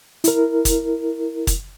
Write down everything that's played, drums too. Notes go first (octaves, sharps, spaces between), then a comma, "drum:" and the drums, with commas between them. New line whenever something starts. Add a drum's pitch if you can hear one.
E4 A#4, drum: hi-hat
drum: kick, hi-hat
drum: kick, hi-hat